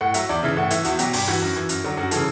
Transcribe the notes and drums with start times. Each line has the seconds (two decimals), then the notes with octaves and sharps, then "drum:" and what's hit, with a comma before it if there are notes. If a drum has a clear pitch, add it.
0.01 A2 F#5
0.14 F#3 E5, drum: hi-hat
0.29 E2 D5
0.43 C#3 E3 E5
0.57 A2 F#5
0.71 E3 E5, drum: hi-hat
0.84 E2 F#4, drum: hi-hat
0.99 B2 F#3 G4, drum: hi-hat
1.13 G2 G4, drum: open hi-hat
1.28 E3 F#4
1.42 F#2
1.56 E3
1.69 F#2, drum: hi-hat
1.84 D3 F#3
1.97 F#2 F#4
2.11 C#3 E3 A4, drum: hi-hat